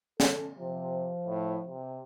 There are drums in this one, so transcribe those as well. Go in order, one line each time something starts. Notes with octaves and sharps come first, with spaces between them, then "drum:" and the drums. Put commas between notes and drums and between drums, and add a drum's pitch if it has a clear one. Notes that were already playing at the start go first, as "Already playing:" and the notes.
A4, drum: snare
C3 F3
A2
C3